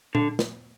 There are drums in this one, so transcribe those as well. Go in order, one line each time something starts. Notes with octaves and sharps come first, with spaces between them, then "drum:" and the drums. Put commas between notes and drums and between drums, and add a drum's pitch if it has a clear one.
D3, drum: tom A#2
drum: snare